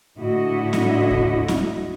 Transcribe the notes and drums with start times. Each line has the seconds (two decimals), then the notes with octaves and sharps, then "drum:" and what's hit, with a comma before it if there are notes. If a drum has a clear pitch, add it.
0.16 A2 D3 E4 F#4 D#5
0.73 drum: snare
1.11 drum: kick D#2
1.48 drum: snare